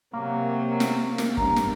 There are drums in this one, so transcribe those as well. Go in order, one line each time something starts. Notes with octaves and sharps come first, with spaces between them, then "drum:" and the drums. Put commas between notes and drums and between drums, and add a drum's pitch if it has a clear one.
C3 F#3 A#3
drum: snare
drum: snare
G2 A#5, drum: kick
drum: snare